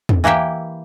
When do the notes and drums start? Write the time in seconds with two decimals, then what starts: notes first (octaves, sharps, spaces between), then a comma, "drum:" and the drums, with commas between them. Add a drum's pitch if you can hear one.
0.09 drum: tom E2
0.24 E3 A#3 E4 G4 E5